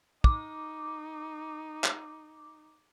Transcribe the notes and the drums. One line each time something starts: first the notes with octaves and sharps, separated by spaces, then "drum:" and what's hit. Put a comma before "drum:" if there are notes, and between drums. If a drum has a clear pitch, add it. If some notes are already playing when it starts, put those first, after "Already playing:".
D#4 D6, drum: kick
drum: clap